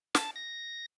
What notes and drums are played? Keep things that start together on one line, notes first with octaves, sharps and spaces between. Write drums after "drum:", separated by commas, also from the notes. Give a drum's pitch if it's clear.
A5, drum: snare
A#6